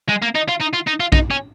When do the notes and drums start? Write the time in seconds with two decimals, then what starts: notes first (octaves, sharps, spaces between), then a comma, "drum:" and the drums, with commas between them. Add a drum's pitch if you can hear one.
0.09 G#3
0.22 A#3
0.35 D#4
0.48 F4
0.60 D#4
0.73 F4
0.87 D#4
1.00 F4
1.12 D#4, drum: kick
1.30 C#4